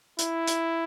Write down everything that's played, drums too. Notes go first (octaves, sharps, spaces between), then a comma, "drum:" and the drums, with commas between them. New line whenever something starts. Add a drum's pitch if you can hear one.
E4, drum: hi-hat
drum: hi-hat